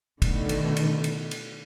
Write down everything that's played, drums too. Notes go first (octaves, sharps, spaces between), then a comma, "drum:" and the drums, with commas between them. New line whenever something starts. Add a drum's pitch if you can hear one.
B2 D3 D#3 A3, drum: kick, cymbal
drum: cymbal
drum: cymbal
drum: cymbal
drum: cymbal